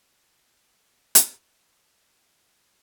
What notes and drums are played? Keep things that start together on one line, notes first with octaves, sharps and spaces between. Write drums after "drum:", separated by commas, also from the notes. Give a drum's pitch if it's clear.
D2 G2 B4 C5 A6 E7
drum: hi-hat